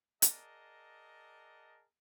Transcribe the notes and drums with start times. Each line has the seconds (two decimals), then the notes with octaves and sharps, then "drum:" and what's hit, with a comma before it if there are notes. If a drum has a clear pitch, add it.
0.22 G#4 A#4 D5 D#5 F#5 A5, drum: hi-hat